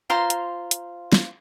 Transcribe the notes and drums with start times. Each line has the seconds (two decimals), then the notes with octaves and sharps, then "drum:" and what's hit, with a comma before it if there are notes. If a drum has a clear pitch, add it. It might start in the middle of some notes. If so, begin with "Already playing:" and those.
0.10 F4 C5 A#5 C6
0.30 drum: hi-hat
0.71 drum: hi-hat
1.12 drum: snare